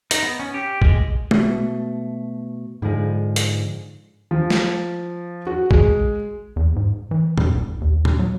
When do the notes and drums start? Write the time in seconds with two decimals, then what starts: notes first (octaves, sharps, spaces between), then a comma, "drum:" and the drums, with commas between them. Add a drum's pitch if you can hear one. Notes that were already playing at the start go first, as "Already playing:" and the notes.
0.11 D#4, drum: hi-hat
0.23 B3
0.39 C#4
0.54 G4
0.82 G#3, drum: kick
1.31 B2 A3, drum: tom G#3
2.82 G#2 D3 F3 G#3
3.36 drum: hi-hat
4.31 F3
4.50 drum: snare
5.47 F#4
5.71 G#3, drum: kick
6.56 E2
6.76 G#2
7.11 E3
7.38 F2, drum: tom A#2
7.55 B1
7.81 D#2
8.05 drum: tom A#2
8.19 F#3